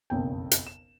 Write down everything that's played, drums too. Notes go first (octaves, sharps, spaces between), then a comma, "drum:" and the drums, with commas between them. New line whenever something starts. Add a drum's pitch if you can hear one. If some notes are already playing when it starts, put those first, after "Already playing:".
F#1 B1 F2 G5
drum: hi-hat
E7